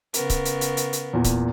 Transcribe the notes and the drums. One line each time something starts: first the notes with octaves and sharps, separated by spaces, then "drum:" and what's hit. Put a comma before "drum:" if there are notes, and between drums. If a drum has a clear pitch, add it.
C#3 B3 A#4, drum: hi-hat
drum: kick C#1, hi-hat
drum: hi-hat
drum: hi-hat
drum: hi-hat
drum: hi-hat
E2 A#2
drum: kick C#1, hi-hat